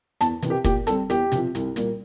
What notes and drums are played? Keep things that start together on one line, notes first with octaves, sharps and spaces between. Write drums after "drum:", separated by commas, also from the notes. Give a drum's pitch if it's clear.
E2 A5, drum: hi-hat
C3 E3, drum: hi-hat
G4
A#2 G4, drum: kick, hi-hat
G3 C4 A4, drum: hi-hat
E2 G4, drum: hi-hat
C3 F3 C4, drum: hi-hat
C2, drum: hi-hat
A#2 G3 A#3, drum: hi-hat